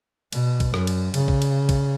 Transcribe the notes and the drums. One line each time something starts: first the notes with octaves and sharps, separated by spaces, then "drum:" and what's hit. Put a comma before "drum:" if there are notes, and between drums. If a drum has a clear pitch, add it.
B2, drum: cymbal
drum: kick, cymbal
F#2, drum: rim click
drum: cymbal
C#3, drum: cymbal
drum: kick
drum: cymbal
drum: kick, cymbal